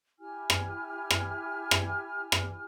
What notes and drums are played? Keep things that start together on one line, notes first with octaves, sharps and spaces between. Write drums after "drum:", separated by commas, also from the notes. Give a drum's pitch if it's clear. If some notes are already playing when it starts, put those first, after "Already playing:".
E4 G4 G#5 F6
drum: rim click
drum: rim click
drum: rim click
drum: rim click